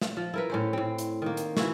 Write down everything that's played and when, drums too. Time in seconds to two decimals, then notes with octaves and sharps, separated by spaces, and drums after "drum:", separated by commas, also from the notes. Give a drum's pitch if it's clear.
0.02 drum: snare
0.17 F3
0.34 E4 A#4 B4
0.50 A2 C#4 C5
0.73 A2 C4
0.98 drum: hi-hat
1.22 D#3 A#3
1.37 drum: hi-hat
1.57 E3 E4 F#4, drum: snare